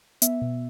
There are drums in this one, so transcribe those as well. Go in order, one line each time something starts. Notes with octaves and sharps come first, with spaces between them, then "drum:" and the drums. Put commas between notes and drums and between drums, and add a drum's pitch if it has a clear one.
B3 E5, drum: hi-hat
B2